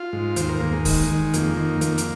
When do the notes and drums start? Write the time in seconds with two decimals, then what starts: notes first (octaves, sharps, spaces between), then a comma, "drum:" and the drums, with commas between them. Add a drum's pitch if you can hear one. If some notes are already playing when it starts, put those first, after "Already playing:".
Already playing: F4
0.13 G#2
0.36 D#2 C5, drum: hi-hat
0.49 A#4
0.60 D#2 A#3
0.73 G#3
0.85 D#3, drum: kick, open hi-hat
1.08 D#3
1.34 F2 A#3, drum: hi-hat
1.57 D#3
1.81 F2 A#3, drum: hi-hat
1.98 drum: hi-hat